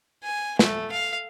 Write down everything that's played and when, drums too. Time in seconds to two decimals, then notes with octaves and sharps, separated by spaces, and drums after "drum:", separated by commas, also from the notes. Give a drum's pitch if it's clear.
0.23 G#5
0.59 A3, drum: snare
0.92 F5